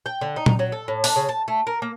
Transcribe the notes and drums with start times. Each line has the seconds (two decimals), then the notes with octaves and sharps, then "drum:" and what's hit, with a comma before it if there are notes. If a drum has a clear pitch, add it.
0.06 G5
0.21 D3
0.36 D#4
0.46 drum: tom A#2
0.59 F#3
0.72 A4
0.88 A2
1.04 D4, drum: open hi-hat
1.16 C#3
1.29 A5
1.48 A3
1.67 A#4
1.82 A#3